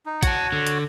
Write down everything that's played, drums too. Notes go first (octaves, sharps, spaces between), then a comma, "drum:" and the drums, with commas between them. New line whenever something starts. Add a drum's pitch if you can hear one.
D#4
F#4 C#5 F#5 A5, drum: kick, hi-hat
D3
drum: hi-hat